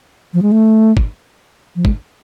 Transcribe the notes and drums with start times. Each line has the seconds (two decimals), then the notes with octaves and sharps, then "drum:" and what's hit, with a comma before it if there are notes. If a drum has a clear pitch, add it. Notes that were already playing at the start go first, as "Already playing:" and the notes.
0.34 F3
0.42 G#3
0.52 A3
0.97 drum: kick
1.76 F3
1.85 G#3, drum: kick